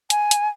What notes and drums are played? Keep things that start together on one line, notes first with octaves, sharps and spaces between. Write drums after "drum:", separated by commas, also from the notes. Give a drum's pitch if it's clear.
G#5, drum: hi-hat
drum: hi-hat